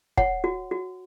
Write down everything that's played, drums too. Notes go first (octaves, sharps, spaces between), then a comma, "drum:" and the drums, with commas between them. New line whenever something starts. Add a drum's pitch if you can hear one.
C#5 F#5, drum: kick
F#4
F#4